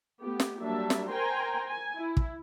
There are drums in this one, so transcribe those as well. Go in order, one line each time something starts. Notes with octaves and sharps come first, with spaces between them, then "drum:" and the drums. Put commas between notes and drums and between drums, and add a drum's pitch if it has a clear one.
A3 B3 G4
drum: snare
F#3 G3 A#3 D4 E5 A5
drum: snare
A#4 C5 G5 G#5 A#5 C6
G#5
E4
drum: kick